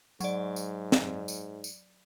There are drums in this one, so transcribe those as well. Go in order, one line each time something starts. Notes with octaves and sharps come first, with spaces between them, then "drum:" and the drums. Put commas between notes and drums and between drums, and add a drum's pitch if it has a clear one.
G#2 F#3 D5, drum: tambourine
drum: tambourine
drum: snare
drum: tambourine
drum: tambourine